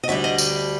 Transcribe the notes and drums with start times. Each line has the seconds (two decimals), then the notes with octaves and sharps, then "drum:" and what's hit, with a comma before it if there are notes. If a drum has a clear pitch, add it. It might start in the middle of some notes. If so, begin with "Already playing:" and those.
0.03 D#5
0.08 D2 D3 G3 E5
0.24 D#5
0.38 drum: tambourine